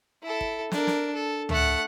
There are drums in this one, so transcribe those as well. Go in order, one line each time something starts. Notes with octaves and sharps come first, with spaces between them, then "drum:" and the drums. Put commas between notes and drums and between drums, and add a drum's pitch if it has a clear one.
E4 A4
drum: kick
D4 A#4, drum: snare
drum: snare
A4
A3 F#5, drum: tom C#2